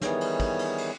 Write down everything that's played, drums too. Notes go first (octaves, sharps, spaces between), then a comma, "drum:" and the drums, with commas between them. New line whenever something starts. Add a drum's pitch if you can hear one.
D#3 E3 G3 B3 G#4 C#5, drum: snare
drum: cymbal
drum: kick, cymbal
drum: cymbal
drum: cymbal